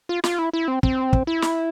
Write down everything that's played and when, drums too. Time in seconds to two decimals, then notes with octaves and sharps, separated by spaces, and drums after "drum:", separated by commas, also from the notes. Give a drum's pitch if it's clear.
0.09 F4
0.24 F4, drum: snare
0.39 E4
0.53 E4
0.68 C4
0.83 C4, drum: kick
1.13 drum: kick
1.27 E4
1.42 drum: snare